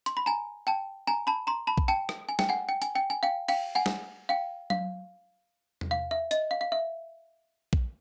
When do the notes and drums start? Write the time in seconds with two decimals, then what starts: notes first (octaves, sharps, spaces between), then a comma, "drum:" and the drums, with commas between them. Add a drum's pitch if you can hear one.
0.06 C6, drum: hi-hat
0.17 B5
0.26 G#5 A#5
0.67 G5 A5
1.07 G#5 A#5
1.27 A5 B5
1.47 A#5 C6
1.67 A5 B5
1.78 drum: kick A#1
1.88 G5 A5
2.09 drum: rim click
2.29 G#5
2.39 G5, drum: snare
2.49 F#5 G#5
2.69 G5
2.82 G#5, drum: hi-hat
2.95 G5
3.10 G#5
3.23 F5 G5
3.48 F5 G5, drum: cymbal
3.75 F#5 G#5
3.86 drum: snare
4.29 F5 G5
4.70 F5, drum: tom F#3
5.81 drum: tom E2
5.91 F5
6.11 E5
6.31 D#5, drum: hi-hat
6.51 F5
6.61 F5
6.72 E5
7.73 drum: kick A#1